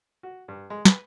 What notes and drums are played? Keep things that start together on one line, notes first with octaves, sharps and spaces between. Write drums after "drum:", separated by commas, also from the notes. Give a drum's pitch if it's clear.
F#4
G2
G#3
B4, drum: snare